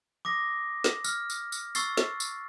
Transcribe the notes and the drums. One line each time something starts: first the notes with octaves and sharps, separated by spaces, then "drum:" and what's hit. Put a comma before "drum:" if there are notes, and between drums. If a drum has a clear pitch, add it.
D6 D#6 A#6
drum: snare
F6, drum: tambourine
drum: tambourine
drum: tambourine
C#6 E6 A6 C7, drum: tambourine
drum: snare
drum: tambourine